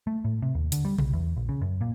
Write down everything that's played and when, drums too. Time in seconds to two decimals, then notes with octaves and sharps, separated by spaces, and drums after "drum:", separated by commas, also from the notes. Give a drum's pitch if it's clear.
0.07 A3
0.24 A2
0.42 C3
0.55 D#2
0.72 D3, drum: hi-hat
0.85 G3
0.98 B1, drum: tom C3
1.13 E2
1.36 A#1
1.49 C#3
1.61 F#2
1.81 A#2